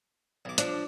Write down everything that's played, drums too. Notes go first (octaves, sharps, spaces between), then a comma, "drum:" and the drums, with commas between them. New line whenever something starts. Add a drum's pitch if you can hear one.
B1 D6
F3 D4, drum: hi-hat